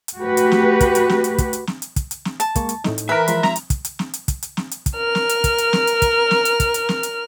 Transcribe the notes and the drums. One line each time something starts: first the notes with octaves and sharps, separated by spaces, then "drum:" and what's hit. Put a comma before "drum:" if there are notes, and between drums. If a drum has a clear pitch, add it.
drum: hi-hat
A3 F#4 G4 B4
drum: hi-hat
drum: snare
drum: kick, hi-hat
drum: hi-hat
drum: snare
drum: hi-hat
drum: kick, hi-hat
drum: hi-hat
drum: snare
drum: hi-hat
drum: kick, hi-hat
drum: hi-hat
drum: snare
A5, drum: hi-hat
G#3 A#3 C#6, drum: kick, hi-hat
drum: hi-hat
A2 A3 D#4, drum: snare
drum: hi-hat
E3 A#4 B4 E5
F3 G#3 C6, drum: hi-hat
A#5, drum: snare
drum: hi-hat
drum: kick, hi-hat
drum: hi-hat
drum: snare
drum: hi-hat
drum: kick, hi-hat
drum: hi-hat
drum: snare
drum: hi-hat
drum: kick, hi-hat
A#4 F6
drum: snare
drum: hi-hat
drum: kick, hi-hat
drum: hi-hat
drum: snare
drum: hi-hat
drum: kick, hi-hat
drum: snare
drum: hi-hat
drum: kick, hi-hat
drum: hi-hat
drum: snare
drum: hi-hat